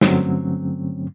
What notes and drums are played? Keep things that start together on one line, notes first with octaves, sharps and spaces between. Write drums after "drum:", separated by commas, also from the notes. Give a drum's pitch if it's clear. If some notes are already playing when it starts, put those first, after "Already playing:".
G2 D3 F#3 A3 C4 C#4, drum: snare